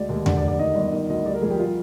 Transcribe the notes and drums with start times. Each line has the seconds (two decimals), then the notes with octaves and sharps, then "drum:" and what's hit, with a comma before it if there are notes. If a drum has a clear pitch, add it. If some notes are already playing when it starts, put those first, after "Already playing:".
Already playing: D2 G#3 D5
0.09 D#2
0.26 D3 D5, drum: tom E2
0.38 D5
0.42 F1
0.48 D5
0.59 D#3 D#5
0.75 G1
0.93 D#3
1.09 D2 D#5
1.25 G3 D5
1.34 A#4
1.42 F2 G#4
1.50 G4
1.59 G3 F4